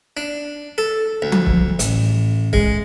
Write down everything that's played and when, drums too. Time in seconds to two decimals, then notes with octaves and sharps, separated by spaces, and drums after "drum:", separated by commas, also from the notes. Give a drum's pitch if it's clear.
0.17 D4
0.78 A4
1.22 D2
1.32 drum: tom F3
1.46 drum: kick
1.79 A1, drum: hi-hat
2.53 G#3, drum: kick